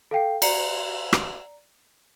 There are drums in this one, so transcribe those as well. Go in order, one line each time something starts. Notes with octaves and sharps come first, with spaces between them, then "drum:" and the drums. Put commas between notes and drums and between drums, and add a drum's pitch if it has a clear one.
A4 F5 G5 C7
D5 A#5 C7 C#7, drum: cymbal
drum: rim click